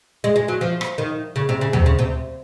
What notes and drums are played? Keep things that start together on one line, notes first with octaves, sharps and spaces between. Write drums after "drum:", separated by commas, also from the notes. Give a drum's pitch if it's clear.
G#3
G#3
F#3
F3
drum: rim click
D#3
C#3
C3
C#3
C3, drum: tom D2
C#3
C3